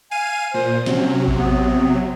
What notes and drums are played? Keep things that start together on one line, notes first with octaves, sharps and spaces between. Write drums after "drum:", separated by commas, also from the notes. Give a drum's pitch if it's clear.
F5 G#5 D#7
A#2 C5
C3 F#3 C#4, drum: snare
drum: kick A1
B3